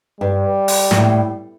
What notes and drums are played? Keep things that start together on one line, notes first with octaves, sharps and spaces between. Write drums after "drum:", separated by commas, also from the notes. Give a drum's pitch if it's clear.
G2 G3
drum: open hi-hat
A#2, drum: snare
A2